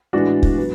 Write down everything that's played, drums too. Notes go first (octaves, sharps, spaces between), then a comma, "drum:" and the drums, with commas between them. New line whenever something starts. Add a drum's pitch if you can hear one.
A2 E3 G#3 B3 D4 F#4
drum: kick
F#3 B3